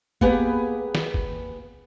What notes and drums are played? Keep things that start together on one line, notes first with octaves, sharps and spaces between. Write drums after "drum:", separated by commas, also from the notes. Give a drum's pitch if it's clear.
A#3 B3 G4 G#4 B4, drum: kick
drum: snare
drum: kick